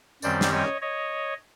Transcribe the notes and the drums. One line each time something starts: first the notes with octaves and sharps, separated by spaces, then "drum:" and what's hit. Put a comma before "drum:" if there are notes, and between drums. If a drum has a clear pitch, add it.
F#2 D#3 G3 C4 C5 D5, drum: tambourine
drum: snare
C#5 D#5
C#5 D#5